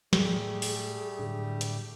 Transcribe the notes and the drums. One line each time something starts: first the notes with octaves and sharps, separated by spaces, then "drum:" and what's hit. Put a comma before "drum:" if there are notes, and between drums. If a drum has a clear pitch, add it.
A2 G3 A3 G4 G#4, drum: snare
drum: open hi-hat
A2 D3 F#3 D4
drum: hi-hat